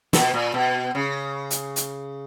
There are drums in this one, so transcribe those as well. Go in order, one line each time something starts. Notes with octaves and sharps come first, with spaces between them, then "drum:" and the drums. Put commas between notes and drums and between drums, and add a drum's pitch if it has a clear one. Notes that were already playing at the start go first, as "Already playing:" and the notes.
B2, drum: snare
A#2
B2
C#3
drum: hi-hat
drum: hi-hat